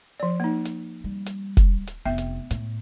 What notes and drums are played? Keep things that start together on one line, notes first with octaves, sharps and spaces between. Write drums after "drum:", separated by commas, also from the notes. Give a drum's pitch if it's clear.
F3 D5
A#3 D#4
drum: hi-hat
G3
drum: hi-hat
drum: kick, hi-hat
drum: hi-hat
F1 B3 E5 G5
drum: hi-hat
A2, drum: hi-hat